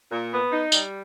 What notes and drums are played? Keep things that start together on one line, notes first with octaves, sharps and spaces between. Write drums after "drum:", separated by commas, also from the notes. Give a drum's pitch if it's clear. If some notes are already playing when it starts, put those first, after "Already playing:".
A#2
B3
D#4
G3, drum: tambourine